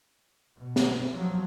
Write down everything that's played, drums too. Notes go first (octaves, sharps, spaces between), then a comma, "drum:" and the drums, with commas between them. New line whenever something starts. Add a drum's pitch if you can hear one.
B2
drum: snare
F3 F#3